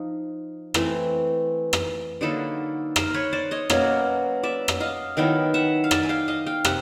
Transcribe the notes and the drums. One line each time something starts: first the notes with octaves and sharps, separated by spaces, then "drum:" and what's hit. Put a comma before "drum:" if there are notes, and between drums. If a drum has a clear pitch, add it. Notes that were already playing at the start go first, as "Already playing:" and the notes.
Already playing: F3 D#4
E3 A3 C4, drum: rim click
drum: rim click
D3 F#3 A#3 D#4 A4 B4
A#4 C5, drum: rim click
B4 C#5
C5 D5
C#5 D#5
B2 F#3 A#3 C#4, drum: rim click
D5 E5
drum: rim click
D#5 F5
D#3 F#3 B3 E4 F5 G5
E5 F#5
F5
D5 E5, drum: rim click
G#5
F5 G5
D#5 F5
F5 G5
C3 E5 F#5, drum: rim click